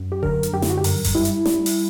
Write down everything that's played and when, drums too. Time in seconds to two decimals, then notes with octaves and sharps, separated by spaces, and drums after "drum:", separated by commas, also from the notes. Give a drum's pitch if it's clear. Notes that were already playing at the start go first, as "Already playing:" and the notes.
Already playing: F#2
0.12 G4
0.23 D3 A#4, drum: kick F1
0.43 drum: hi-hat
0.53 F#2 G4
0.62 E4, drum: snare
0.70 F#4
0.77 G4
0.84 G2 A#4, drum: open hi-hat
1.04 drum: kick F1, open hi-hat
1.15 G3 E4
1.25 drum: hi-hat
1.46 G3, drum: snare
1.66 drum: open hi-hat